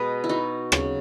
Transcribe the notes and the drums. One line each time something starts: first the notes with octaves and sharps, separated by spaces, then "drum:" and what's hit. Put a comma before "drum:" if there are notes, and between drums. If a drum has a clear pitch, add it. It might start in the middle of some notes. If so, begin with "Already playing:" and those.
Already playing: B2 G#3 B3 B4 D#5
E4
D#4 F#4
C#3 F#3 C#4, drum: rim click